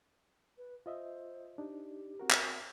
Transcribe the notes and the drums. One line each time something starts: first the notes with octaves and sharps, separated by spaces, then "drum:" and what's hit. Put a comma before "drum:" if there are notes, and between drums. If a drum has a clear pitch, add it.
B4
F4 C5 D#5 E5
D4 D#4 G4
C4 F#4 A#4
drum: clap